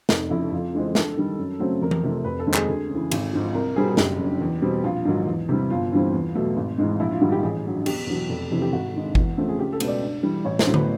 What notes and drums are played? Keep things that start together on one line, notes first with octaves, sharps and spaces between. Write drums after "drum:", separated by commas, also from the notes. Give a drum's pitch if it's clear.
F1 D#4, drum: snare
F2 C#3 E4
F2 F4
C#3 E3 G#3 C4
G2 A4, drum: snare
D#3 G3
F#2
C#3 F#3 A3 C4
F2 A#4
drum: tom E3
C3 F3 A3 C4
F1 B4
A4
D#2 D#3 G#3 C4
G#4, drum: clap
D2
C#3 E3
G#1, drum: cymbal
G#2 F3
C2 A#4
B2 G3 C4 G#4
G#4
F#1 G4, drum: snare
F#2 D3
E2
B2 G3 C4
A#1 F4
G#2 D#3 F#3
E2
C3 E3 G3
G1 F4
G2 E3 G3 C4
E2
B2 F#3 A3
G#1
G#2 E3 G#3
A#1 E4
F4
G#2 D#3 G3 F#4
G4
A1 G#4
G2 D3 F#3
E1 G4, drum: cymbal
E2 B2 F#3
F1
F2 C3 E3
G4
G#1 F#4
G2 D#3 G#3
E2, drum: kick G1
C#3 F3 A3 C4
G#4
C#2 G4
A4
B2 G#3 B3, drum: cymbal
D5
G2
E3 G3
A1 C#5
C5, drum: snare
A2 F#3 A3
B4, drum: tom D3